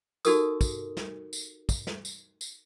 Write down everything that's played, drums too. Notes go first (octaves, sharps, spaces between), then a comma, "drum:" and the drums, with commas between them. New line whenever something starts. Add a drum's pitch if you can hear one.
D#4 F#4 G4 A4 A#4 D#6, drum: tambourine
drum: kick, tambourine
drum: snare
drum: tambourine
drum: kick, tambourine
drum: snare
drum: tambourine
drum: tambourine